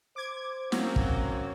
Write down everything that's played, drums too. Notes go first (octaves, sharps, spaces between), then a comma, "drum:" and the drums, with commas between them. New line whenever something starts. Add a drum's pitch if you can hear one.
C5 D6 G#6
F#3 A#3 C4 C#4 F#4, drum: snare
drum: kick